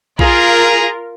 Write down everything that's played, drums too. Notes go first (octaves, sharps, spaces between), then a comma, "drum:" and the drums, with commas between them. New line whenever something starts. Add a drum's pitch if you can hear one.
F4 G#4 A#4 A#5, drum: kick A#1